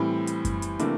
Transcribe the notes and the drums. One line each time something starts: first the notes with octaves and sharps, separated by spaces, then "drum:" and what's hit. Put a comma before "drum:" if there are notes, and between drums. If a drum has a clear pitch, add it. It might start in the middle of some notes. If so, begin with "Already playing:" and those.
Already playing: A2 E3 G3 C4
drum: hi-hat
drum: kick F#2, hi-hat
drum: hi-hat
C3 E3 A3 A#3 D4, drum: hi-hat